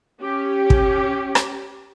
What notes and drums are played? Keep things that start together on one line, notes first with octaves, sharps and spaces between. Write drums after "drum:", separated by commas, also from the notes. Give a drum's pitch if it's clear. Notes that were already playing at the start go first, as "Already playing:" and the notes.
C#4 G4
drum: kick
drum: rim click